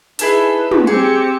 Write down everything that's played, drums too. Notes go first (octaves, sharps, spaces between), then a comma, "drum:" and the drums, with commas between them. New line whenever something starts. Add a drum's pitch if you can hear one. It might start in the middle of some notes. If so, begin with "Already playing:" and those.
D#4 E4 G#4 A4 B4, drum: hi-hat
drum: tom
C4 G4 G#4 D6 C#7